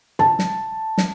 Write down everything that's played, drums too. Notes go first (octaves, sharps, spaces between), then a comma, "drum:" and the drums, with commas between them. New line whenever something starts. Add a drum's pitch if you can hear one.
A5, drum: tom
drum: snare
drum: snare